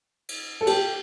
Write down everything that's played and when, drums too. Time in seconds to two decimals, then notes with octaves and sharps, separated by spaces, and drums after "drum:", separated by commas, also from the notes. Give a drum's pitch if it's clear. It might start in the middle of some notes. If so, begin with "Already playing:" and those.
0.29 drum: cymbal
0.61 A4
0.67 G4, drum: cymbal